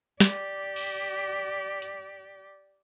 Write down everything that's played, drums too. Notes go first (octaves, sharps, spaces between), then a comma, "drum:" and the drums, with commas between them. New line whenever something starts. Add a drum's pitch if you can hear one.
G4 D5, drum: snare
drum: cymbal
drum: hi-hat